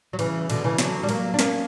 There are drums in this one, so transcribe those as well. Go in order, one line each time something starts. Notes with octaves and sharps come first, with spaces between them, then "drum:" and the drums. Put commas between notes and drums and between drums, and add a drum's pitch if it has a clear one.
F#3
C#3 E3, drum: cymbal
B2 D3, drum: cymbal
C#3 E3
D3 F#3, drum: snare
G3
F#3 A#3, drum: cymbal
D4
A#3 C#4, drum: snare